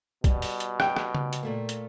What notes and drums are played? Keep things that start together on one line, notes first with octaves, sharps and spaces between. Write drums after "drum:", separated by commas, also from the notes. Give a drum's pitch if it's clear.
B2 G3, drum: kick, hi-hat
drum: open hi-hat
drum: hi-hat
G5, drum: rim click
drum: rim click
drum: tom C#3
drum: hi-hat
A#2 A3 A#3
drum: hi-hat